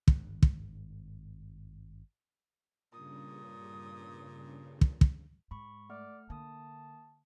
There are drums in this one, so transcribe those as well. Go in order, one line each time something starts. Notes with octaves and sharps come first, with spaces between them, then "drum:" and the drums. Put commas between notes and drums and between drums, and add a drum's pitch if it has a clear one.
G#1 G2, drum: kick
drum: kick
G2 A#2 C#3 D#6
drum: kick
drum: kick
G#2 B5 C#6
A3 D5 F#5 F6
D3 A#3 A5 D#6